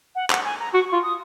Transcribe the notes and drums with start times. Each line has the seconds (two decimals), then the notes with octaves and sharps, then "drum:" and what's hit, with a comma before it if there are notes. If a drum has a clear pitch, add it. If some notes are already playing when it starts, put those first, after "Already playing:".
0.15 F#5
0.30 F#5, drum: clap
0.45 G#5
0.59 A#5
0.74 F#4 C#6
0.89 F4 C#6
1.03 D#6